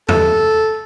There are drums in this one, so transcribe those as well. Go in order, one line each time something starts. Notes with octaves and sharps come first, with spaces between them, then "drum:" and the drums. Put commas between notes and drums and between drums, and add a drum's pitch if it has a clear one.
A4, drum: tom E2